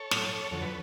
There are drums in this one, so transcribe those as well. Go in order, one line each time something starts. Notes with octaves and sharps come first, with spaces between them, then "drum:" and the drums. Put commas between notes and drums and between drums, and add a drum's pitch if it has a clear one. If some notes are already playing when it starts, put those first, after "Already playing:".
Already playing: A4 C#5
A2 F#3, drum: snare
F2 D3 F#3 A4
B4